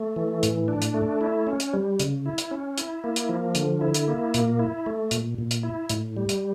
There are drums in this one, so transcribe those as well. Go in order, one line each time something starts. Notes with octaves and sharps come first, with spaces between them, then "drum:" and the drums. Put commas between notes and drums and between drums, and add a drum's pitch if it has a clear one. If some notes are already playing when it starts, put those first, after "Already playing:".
Already playing: A3
E3
A2, drum: hi-hat
D4
drum: hi-hat
A3
E4
C#4
drum: hi-hat
G3
C#3, drum: hi-hat
E4
drum: hi-hat
C#4
E4, drum: hi-hat
A#3
drum: hi-hat
F3
D3, drum: hi-hat
E4
drum: hi-hat
A#3
A#2, drum: hi-hat
E4
A3
A#2, drum: hi-hat
A#2
drum: hi-hat
E4
A2, drum: hi-hat
G3
drum: hi-hat